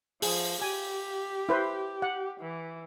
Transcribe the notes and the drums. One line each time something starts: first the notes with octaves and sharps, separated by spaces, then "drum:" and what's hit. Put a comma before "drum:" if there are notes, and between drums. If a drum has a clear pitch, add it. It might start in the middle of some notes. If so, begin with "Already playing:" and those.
F3 G#4, drum: open hi-hat
G4 G#5
E4 B4 C5
F#5
E3